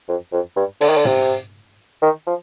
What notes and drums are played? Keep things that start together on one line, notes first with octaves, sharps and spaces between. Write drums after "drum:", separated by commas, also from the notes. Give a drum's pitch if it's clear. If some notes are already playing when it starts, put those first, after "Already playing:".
F2
F2
G2
D3, drum: open hi-hat
D#3
D3
C3, drum: tom
D#3
F3